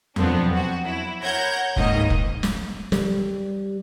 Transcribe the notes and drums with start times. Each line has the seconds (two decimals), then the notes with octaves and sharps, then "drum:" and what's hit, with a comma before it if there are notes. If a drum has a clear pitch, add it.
0.16 F2 F3 F#3 B3 C4 D4, drum: tom E2
0.52 F#4
0.85 E4
1.22 A#4 C#5 F#5 G6 G#6 A#6
1.76 C#2 G#2 D#3 A#3 D#5, drum: kick
2.10 drum: kick
2.43 drum: snare
2.92 G3, drum: snare